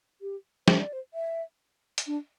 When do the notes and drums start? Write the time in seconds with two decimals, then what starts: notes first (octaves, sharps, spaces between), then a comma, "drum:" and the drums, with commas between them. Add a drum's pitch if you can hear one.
0.21 G4
0.68 C5, drum: snare
0.80 D5
0.93 C5
1.14 E5
1.98 drum: hi-hat
2.07 D4